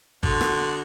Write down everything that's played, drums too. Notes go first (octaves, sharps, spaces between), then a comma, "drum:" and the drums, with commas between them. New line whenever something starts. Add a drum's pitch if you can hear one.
D3 F#4 A4 C6 D#6, drum: kick
drum: rim click